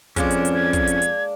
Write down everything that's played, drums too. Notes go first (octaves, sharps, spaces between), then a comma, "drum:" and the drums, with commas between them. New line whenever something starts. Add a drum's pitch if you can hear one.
F2 G#3 A#3 C#4 D4, drum: kick, hi-hat
drum: hi-hat
drum: hi-hat
G#6
drum: kick, hi-hat
drum: hi-hat
drum: hi-hat